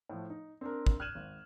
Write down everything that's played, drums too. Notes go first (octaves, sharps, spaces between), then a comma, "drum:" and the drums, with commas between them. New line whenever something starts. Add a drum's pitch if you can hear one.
A2 F3
D#4
C4 D4 A#4
drum: kick
F6 F#6 G#6 D#7 E7 F#7
G#1